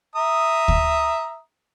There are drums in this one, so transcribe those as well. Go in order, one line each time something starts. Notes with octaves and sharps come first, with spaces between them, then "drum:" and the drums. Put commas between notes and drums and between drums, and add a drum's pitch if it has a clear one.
E5 A#5 D#6
drum: kick D2